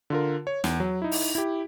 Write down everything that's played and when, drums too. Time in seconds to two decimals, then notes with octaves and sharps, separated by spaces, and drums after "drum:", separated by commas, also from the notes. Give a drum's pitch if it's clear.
0.10 D3 F4 A#4
0.47 C#5
0.64 E2, drum: snare
0.80 F#3
1.02 D#4 E4
1.12 drum: open hi-hat
1.35 E4 G4